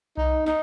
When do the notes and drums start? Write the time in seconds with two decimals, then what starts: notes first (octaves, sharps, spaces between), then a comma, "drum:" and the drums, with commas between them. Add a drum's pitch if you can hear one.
0.17 D#4, drum: kick B1
0.46 D#4, drum: snare